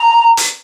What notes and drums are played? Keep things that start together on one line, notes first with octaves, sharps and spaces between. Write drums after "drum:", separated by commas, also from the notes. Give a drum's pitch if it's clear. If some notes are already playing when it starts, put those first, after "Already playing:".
Already playing: A#5
drum: hi-hat